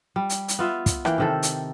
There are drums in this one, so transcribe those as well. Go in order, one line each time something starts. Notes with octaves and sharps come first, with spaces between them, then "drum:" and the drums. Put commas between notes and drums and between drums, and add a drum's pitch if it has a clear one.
G3
drum: hi-hat
drum: hi-hat
B3 F4 E5
drum: kick, hi-hat
E3 A#3 G5, drum: rim click
C3 D#3 A4
drum: hi-hat